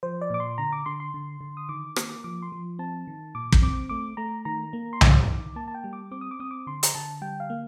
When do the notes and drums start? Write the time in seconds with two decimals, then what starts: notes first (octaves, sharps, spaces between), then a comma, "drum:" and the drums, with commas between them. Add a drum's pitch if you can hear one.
0.03 F3 C5
0.21 D5
0.30 A#2 D6
0.40 C6
0.58 D3 A#5
0.72 D6
0.86 D3 C6
1.00 C6
1.14 D3
1.41 D3
1.57 D#6
1.69 D#3 D6
1.96 A#3, drum: rim click
2.24 F3 D6
2.42 C6
2.52 F3
2.79 C4 A5
3.07 D#3
3.35 A#2 D6
3.52 drum: kick
3.62 C4 D6
3.89 A3 D6
4.17 A3 A#5
4.45 D#3 A#5
4.73 A#3
4.93 C6
5.01 G3 D6, drum: tom C2
5.29 D#3
5.56 A#3 A5
5.68 A5
5.74 G5
5.84 G3
5.93 D6
6.11 C4 D6
6.21 D#6
6.31 D6
6.40 C4 D#6
6.51 D6
6.67 D3 C6
6.83 A#5, drum: hi-hat
6.95 D3 A5
7.21 G3 G5
7.40 F5
7.50 A#3